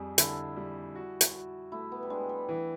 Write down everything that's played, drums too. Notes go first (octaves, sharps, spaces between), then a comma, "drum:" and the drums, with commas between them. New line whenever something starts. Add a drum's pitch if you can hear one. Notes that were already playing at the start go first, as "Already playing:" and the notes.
Already playing: F2 G3 G#4
D3 E4, drum: hi-hat
G3
F#4
drum: hi-hat
F#4
A3 E4
B3
G3
G#3 D4
G3
E3